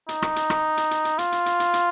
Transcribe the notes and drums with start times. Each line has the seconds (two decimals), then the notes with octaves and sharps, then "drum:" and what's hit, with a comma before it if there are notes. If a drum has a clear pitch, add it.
0.09 D#4, drum: hi-hat
0.22 drum: rim click
0.36 drum: hi-hat
0.50 drum: rim click
0.77 drum: hi-hat
0.91 drum: hi-hat
1.05 drum: hi-hat
1.19 F4, drum: hi-hat
1.32 drum: hi-hat
1.46 drum: hi-hat
1.60 drum: hi-hat
1.73 drum: hi-hat